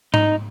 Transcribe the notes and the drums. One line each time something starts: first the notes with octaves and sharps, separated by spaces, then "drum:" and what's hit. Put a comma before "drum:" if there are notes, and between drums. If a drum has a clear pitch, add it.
D#4, drum: tom G#2